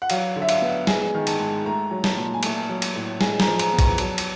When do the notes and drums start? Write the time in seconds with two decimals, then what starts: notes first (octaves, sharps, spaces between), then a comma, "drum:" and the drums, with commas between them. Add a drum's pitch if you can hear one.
0.02 F#5
0.10 F#3 F5, drum: cymbal
0.36 D3
0.42 E5
0.49 F5, drum: cymbal
0.62 B3
0.87 G#3 G#5, drum: snare
1.14 D#3
1.27 A5, drum: cymbal
1.39 G#2
1.65 A3 A#5
1.91 F#3
2.04 A5, drum: snare
2.17 A#2
2.34 G#5
2.43 A3 A5, drum: cymbal
2.69 F#3
2.82 drum: cymbal
2.95 A2
3.21 G#3 G#5, drum: snare
3.40 A#5, drum: snare
3.47 F3
3.59 A#5, drum: cymbal
3.73 B3
3.79 A#5, drum: kick, cymbal
3.98 F#3 A5, drum: cymbal
4.18 drum: cymbal